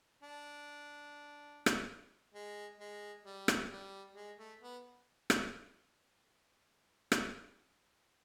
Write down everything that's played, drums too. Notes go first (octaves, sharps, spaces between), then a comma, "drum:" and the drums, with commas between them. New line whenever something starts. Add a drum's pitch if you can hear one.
D4
drum: rim click
G#3
G#3
G3
drum: rim click
G3
G#3
A3
B3
drum: rim click
drum: rim click